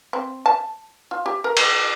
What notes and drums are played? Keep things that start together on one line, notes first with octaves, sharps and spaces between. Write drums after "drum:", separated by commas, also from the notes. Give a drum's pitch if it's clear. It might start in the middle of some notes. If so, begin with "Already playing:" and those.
C4
A5
F4
G4
A#4
drum: cymbal